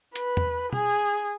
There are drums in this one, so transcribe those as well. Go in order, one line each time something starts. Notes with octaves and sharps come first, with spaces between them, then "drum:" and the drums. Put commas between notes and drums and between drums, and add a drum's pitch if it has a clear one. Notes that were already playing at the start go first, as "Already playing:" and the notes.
B4, drum: hi-hat
drum: tom E2
G#4, drum: tom